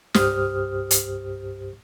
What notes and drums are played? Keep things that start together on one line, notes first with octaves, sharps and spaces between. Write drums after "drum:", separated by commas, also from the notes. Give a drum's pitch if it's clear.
C2 G2 G4 C5 D#6 F6, drum: snare
drum: hi-hat